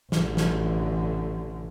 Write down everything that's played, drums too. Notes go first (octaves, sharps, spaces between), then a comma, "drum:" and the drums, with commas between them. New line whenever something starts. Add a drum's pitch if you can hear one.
A1 D3, drum: snare
drum: snare